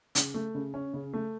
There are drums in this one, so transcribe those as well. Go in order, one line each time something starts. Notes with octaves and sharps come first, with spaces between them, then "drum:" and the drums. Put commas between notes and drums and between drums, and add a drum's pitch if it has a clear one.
C#3, drum: hi-hat
A3
C#3
C#4
C#3
A3